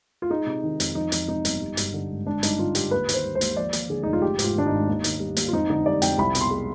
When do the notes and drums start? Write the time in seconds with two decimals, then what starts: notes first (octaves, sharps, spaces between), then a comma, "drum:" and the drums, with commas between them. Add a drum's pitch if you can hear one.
0.22 F4
0.30 G#3 D#4
0.46 C3
0.63 D#3
0.80 F2, drum: hi-hat
0.95 F3 D#4
1.12 F2, drum: hi-hat
1.28 C3 D#4
1.45 G1, drum: hi-hat
1.61 G3
1.77 G2, drum: hi-hat
1.93 D3
2.10 G#1
2.26 G#1 D4
2.43 G2 D#4, drum: hi-hat
2.59 D3 F4
2.75 G#1 G4, drum: hi-hat
2.91 D#2 B4
3.09 D#3, drum: hi-hat
3.14 C5
3.24 G3
3.35 C5
3.41 D#2, drum: hi-hat
3.57 F3 D5
3.73 D#2, drum: hi-hat
3.89 D3 G#4
4.03 F1 D#4
4.13 F4
4.22 G#3 G4
4.39 G#2, drum: hi-hat
4.44 F4
4.56 D#3 D4
4.66 G#1 D#4
4.88 D#2
5.04 D#3, drum: hi-hat
5.20 G3
5.37 D#2, drum: hi-hat
5.48 F4
5.53 F2 D#4
5.69 D3 D#4
5.85 G3 D5
6.02 F2 G5, drum: hi-hat
6.18 C2 B5
6.35 B2, drum: hi-hat
6.41 C6
6.50 G#3